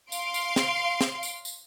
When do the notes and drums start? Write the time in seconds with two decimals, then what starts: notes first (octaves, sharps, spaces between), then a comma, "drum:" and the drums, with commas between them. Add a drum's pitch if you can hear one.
0.12 F5 C6 D7, drum: tambourine
0.34 drum: tambourine
0.56 drum: snare
1.01 drum: snare
1.23 drum: tambourine
1.45 drum: tambourine